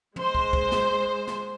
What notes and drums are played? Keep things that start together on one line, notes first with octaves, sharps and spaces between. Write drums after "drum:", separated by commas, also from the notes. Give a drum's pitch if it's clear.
G#3 C5, drum: tom
drum: kick
drum: kick
drum: snare
drum: snare